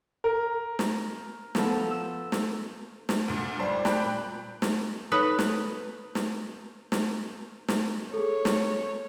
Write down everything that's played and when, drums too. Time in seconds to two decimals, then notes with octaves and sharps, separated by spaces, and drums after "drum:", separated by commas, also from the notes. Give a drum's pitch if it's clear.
0.24 A#4
0.79 drum: snare
1.55 F3 B3 A4, drum: snare
1.90 E6
2.32 drum: snare
3.09 drum: snare
3.28 D2 A#2
3.60 G#1 G3 C5
3.85 G5 B5 F#6, drum: snare
4.05 A#2
4.62 drum: snare
5.12 D#4 A4 B4 C#5 D#6
5.39 drum: snare
6.15 drum: snare
6.92 drum: snare
7.68 drum: snare
8.13 G#4 A4 C#5
8.45 drum: snare